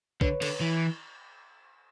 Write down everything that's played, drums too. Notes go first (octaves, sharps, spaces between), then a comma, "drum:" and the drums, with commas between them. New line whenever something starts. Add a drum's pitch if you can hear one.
D3 B4 C#5, drum: kick
D3, drum: cymbal
E3